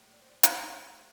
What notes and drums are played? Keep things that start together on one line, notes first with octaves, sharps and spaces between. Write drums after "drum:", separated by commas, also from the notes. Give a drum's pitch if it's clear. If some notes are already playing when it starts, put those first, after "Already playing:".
Already playing: A2 G3 A#3
D5
C5
D5
D5, drum: hi-hat
D5
C5 E5